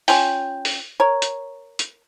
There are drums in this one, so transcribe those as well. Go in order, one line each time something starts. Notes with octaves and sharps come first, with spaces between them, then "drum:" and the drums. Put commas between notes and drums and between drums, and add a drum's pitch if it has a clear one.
C#4 F4 G5, drum: open hi-hat
drum: open hi-hat
A#4 C#5
drum: hi-hat
drum: hi-hat